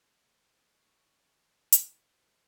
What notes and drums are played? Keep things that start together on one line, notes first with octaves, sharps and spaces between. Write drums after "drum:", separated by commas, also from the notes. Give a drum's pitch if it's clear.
F3 A#3 F4 G#4 C5
D#3 A#3 D#4 C#5
D#3 F#3 C#4 G#4
D#3 G#3 D#4 G#4 C5, drum: hi-hat
F3 G#3 D#4 A#4